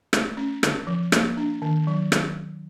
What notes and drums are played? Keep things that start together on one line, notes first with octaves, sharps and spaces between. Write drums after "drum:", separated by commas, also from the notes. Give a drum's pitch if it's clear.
A3, drum: rim click
C#4
D3, drum: rim click
F3
A#3, drum: rim click
D4
D#3
F#3
drum: rim click